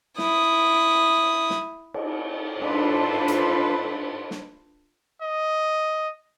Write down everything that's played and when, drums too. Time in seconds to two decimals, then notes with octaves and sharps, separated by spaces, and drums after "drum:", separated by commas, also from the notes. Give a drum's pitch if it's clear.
0.18 E4 D#6, drum: snare
1.50 drum: snare
1.94 drum: cymbal
2.62 D4 F4 A4 B4 C5, drum: cymbal
3.28 drum: hi-hat
4.31 drum: snare
5.22 D#5